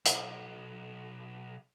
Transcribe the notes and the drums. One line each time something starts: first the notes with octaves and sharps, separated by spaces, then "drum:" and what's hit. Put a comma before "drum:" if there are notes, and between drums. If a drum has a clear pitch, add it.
B1 F2, drum: hi-hat